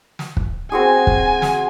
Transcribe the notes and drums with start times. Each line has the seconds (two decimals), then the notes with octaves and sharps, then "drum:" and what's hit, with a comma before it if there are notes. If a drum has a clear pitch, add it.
0.19 drum: snare
0.37 drum: kick
0.72 C4 F#4 G#4 G#5
1.07 drum: kick
1.42 drum: snare